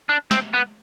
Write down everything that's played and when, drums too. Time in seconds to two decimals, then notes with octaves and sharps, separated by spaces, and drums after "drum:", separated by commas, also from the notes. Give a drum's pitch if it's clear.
0.09 D4
0.31 C4, drum: snare
0.54 B3